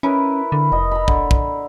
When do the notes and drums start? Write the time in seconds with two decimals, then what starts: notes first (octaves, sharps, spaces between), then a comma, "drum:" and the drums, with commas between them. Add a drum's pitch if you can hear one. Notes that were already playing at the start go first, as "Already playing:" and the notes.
0.03 C#4 E4 A#4 B4
0.52 D3
0.72 F1 D#5
0.91 A#5 B5
1.08 D3, drum: kick
1.31 drum: kick